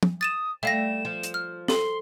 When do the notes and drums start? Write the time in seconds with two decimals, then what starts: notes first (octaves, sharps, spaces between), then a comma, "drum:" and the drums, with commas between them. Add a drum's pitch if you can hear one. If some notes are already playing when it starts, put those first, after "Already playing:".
0.03 drum: tom
0.21 D#6 A6 D#7 E7
0.63 G3 A3 E5 F5 A#6 E7
1.05 F3
1.23 drum: hi-hat
1.34 F6
1.68 A4 C6, drum: snare